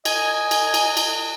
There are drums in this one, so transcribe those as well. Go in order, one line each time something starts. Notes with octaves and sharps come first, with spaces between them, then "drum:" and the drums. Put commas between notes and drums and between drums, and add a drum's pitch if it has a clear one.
D#5 G#5, drum: cymbal
drum: cymbal
drum: cymbal
drum: cymbal